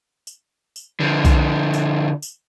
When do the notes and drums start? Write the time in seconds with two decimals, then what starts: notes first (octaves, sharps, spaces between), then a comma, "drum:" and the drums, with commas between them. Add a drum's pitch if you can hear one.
0.27 drum: tambourine
0.76 drum: tambourine
1.00 D3 F3
1.25 drum: kick B1, tambourine
1.74 drum: tambourine
2.22 drum: tambourine